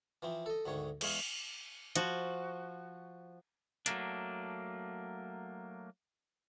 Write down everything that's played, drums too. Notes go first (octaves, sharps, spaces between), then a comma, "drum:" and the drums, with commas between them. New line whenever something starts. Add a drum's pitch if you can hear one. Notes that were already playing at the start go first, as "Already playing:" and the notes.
E3 F3 C4
A4 D#5
D2 G#2 D#3 C#5
E2 G#3 C#5 F5 C6, drum: cymbal
F3 F#4, drum: hi-hat
F#3 A3 A#3 D4, drum: hi-hat